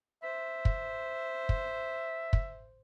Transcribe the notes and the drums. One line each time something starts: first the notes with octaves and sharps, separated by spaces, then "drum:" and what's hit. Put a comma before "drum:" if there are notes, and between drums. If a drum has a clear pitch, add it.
C5 E5
drum: kick
drum: kick
drum: kick